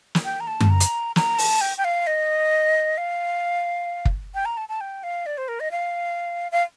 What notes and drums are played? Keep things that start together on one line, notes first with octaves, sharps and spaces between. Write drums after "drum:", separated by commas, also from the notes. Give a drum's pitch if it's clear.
drum: snare
G5
A#5
A5
drum: tom F#2
A#5
drum: hi-hat
A#5, drum: snare
A5, drum: open hi-hat
G5
G5
F5
D#5
F5
drum: kick
G5
A#5
A5
A5
G5
F5
D5
C5
A#4
D#5
F5
F5